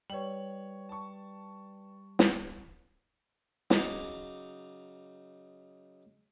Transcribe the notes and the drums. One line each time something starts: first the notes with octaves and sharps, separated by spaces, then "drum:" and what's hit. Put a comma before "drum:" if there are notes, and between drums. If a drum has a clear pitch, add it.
G3 B4 C#5 D5 G5 F#7
A5 C#6
drum: snare
C#3 F#3 D#4 A#5 D6 D#6, drum: snare